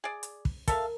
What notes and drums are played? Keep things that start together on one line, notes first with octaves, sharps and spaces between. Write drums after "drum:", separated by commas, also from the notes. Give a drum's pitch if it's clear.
G#4 D5
drum: hi-hat
drum: kick
A4 A#4 E5 F5, drum: kick, hi-hat